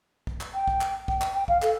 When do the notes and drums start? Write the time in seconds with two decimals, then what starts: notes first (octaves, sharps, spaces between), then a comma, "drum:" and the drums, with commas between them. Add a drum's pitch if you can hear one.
0.27 drum: kick
0.41 drum: clap
0.54 G5
0.68 drum: kick
0.81 drum: clap
1.08 G5, drum: kick
1.21 drum: clap
1.34 G5
1.48 F5, drum: kick
1.62 A4, drum: clap